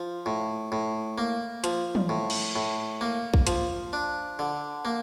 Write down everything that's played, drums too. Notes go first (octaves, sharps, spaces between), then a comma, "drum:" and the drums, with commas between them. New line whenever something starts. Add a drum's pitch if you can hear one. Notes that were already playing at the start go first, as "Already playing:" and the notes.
Already playing: F3
A2
A2
A#3
F3, drum: hi-hat
drum: tom
A2
drum: cymbal
A2
A#3
drum: kick A#1
F3, drum: hi-hat
D4
D3
A#3